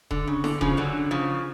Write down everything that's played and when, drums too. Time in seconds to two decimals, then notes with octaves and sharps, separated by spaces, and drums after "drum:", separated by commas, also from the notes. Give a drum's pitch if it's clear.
0.11 D3, drum: kick D#1
0.27 C#3
0.44 D3, drum: snare E4
0.61 C#3 F3, drum: kick D#1
0.77 D3 F#3
1.11 C#3 F3